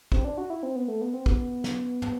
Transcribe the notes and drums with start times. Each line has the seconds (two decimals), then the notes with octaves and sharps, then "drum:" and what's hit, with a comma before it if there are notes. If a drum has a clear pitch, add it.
0.12 C4, drum: kick
0.25 D4
0.38 F#4
0.50 E4
0.63 C4
0.76 B3
0.88 A3
1.01 B3
1.14 C4
1.26 B3, drum: kick
1.64 drum: snare
2.02 drum: tom